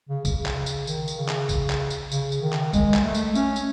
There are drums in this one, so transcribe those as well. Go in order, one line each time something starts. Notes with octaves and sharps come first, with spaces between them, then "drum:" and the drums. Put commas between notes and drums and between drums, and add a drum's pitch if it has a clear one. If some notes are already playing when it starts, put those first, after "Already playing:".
C#3
C#3, drum: kick, tambourine
drum: clap
C#3
drum: tambourine
D#3, drum: tambourine
drum: tambourine
C#3
drum: clap
drum: kick, tambourine
drum: clap
drum: tambourine
C#3, drum: tambourine
drum: tambourine
D#3
drum: clap
G#3, drum: kick, tambourine
drum: clap
A3
drum: tambourine
C#4, drum: tambourine
drum: tambourine